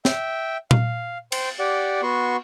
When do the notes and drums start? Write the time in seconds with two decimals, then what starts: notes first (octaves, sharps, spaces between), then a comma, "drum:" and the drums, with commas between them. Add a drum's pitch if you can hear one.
0.05 E5 G5, drum: snare
0.71 F5, drum: tom A#2
1.32 C5 G5, drum: cymbal
1.59 G4 D5 F#5
2.03 B3 F#4 C6 C#6